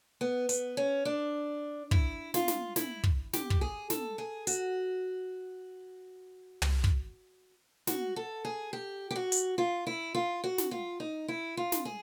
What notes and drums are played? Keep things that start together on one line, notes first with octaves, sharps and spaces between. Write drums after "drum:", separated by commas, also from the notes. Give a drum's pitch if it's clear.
B3
B3, drum: hi-hat
C#4
D4
E4, drum: kick
F4, drum: snare
drum: snare
E4, drum: snare
drum: kick
G4, drum: snare
drum: kick
G#4
A4, drum: snare
G#4
F#4, drum: hi-hat
drum: tom
drum: kick
F#4, drum: snare
A4
G#4
G4
G4
F#4
drum: hi-hat
F4
E4
F4
F#4
drum: snare
F4
D#4
E4
F4
drum: snare
G#4